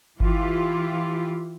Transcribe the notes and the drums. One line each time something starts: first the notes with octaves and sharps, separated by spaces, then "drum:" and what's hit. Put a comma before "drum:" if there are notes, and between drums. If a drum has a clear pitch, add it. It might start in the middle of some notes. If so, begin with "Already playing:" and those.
E3 E4 F4 G4, drum: kick G1